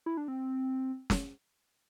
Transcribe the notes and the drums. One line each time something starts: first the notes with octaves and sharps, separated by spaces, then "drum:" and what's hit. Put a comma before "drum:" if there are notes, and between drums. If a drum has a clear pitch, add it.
E4
D4
C4
drum: snare